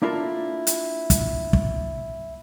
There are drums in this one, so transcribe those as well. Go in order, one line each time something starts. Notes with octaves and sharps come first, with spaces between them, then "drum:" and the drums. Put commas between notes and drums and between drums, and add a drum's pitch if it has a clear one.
A#3 D4 E4 F4 A4 A#4
drum: hi-hat
drum: kick, hi-hat
drum: kick